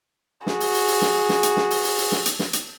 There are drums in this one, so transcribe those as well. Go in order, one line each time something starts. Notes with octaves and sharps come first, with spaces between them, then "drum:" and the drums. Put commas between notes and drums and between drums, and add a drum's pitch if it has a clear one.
F#4 G#4, drum: snare
drum: open hi-hat
drum: open hi-hat
drum: open hi-hat
drum: snare
drum: snare
drum: hi-hat
drum: snare
drum: open hi-hat
drum: open hi-hat
drum: open hi-hat
drum: snare
drum: hi-hat
drum: snare
drum: hi-hat